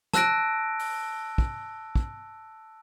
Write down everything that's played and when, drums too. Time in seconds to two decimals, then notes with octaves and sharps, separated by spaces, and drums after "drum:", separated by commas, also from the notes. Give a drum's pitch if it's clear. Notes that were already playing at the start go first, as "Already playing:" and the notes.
0.13 A5 E6 F#6 A#6 D7, drum: snare
0.79 drum: open hi-hat
1.38 drum: kick
1.96 drum: kick